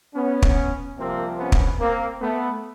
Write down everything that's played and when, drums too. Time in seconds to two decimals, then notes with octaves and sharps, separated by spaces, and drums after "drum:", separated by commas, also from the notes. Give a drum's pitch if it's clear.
0.15 B3 C#4
0.42 drum: kick
0.97 C2 C3 F3 A#3 C4
1.38 B3 C#4
1.52 drum: kick
1.79 A#3 C4
2.21 A3 B3